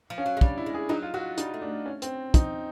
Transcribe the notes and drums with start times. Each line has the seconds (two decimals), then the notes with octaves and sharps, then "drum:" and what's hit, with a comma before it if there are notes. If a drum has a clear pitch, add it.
0.10 F3
0.18 C#4
0.26 F#3
0.37 G#3
0.41 G3 D4, drum: kick
0.58 E4
0.66 G#3
0.74 G#4
0.89 F#3 D#4
1.02 F4
1.14 F#3 F#4
1.38 G3 D#4, drum: hi-hat
1.54 A3
1.62 D4
1.86 C#4
2.02 C4, drum: hi-hat
2.34 D#4, drum: kick, hi-hat